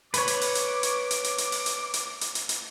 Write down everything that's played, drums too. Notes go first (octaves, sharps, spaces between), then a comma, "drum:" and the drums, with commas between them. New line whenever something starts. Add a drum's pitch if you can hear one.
B4 C#5 D6, drum: hi-hat
drum: hi-hat
drum: open hi-hat
drum: hi-hat
drum: hi-hat
drum: hi-hat
drum: hi-hat
drum: hi-hat
drum: open hi-hat
drum: hi-hat
drum: hi-hat
drum: hi-hat
drum: hi-hat
drum: hi-hat